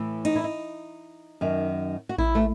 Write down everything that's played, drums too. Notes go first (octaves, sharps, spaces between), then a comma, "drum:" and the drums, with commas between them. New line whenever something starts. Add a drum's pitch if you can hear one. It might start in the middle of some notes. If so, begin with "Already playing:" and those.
Already playing: A2 E3
D#4, drum: cymbal
E4
D#4
F#2 D#3
F#4
E4, drum: kick A1
A3